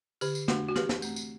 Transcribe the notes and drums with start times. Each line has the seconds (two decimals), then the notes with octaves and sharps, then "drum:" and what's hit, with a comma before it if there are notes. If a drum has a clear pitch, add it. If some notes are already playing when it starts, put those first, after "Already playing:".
0.21 D3 G4, drum: tambourine
0.35 drum: tambourine
0.48 A3 D4 F#4, drum: snare
0.68 F#4
0.76 E3 G4, drum: snare
0.89 drum: snare
1.02 A3 C4, drum: tambourine
1.16 drum: tambourine